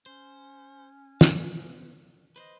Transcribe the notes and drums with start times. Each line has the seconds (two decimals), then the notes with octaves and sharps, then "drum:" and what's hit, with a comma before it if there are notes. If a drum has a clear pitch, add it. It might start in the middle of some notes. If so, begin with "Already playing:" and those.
0.06 C#4 C5
1.21 B3, drum: snare
2.36 B4 C5 D#5